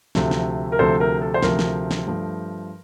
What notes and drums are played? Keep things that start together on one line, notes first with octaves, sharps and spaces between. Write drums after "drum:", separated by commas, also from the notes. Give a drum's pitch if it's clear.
D2 C3 F3 A3, drum: snare
drum: snare
A#4
D2 C3 F3 A3 A4 C5
A#4
A4
C5
D2 C3 F3 A3 A#4, drum: snare
drum: snare
drum: snare
G2 F3 A3